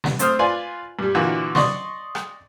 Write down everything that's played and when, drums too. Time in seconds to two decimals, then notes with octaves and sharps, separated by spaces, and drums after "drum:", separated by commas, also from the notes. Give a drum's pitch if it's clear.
0.04 drum: snare
0.19 A3 C4 C5 D#6 F6, drum: hi-hat
0.39 F4 B4 D5 G#5 C6
0.99 G2 G3
1.14 A#2 D3 E3 A#3 F#4
1.55 D5 D#5 C6 C#6, drum: snare
2.15 drum: rim click